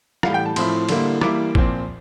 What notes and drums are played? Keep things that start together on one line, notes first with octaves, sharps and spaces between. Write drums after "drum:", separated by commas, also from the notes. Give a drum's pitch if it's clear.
A2 E3 G3 F5, drum: rim click
G5
A5
A2 F3 C4 E4 C6, drum: cymbal
D3 G3 A#3 E4, drum: cymbal
E3 G3 A#3 E4 D6, drum: rim click
A#2 F3 C4, drum: kick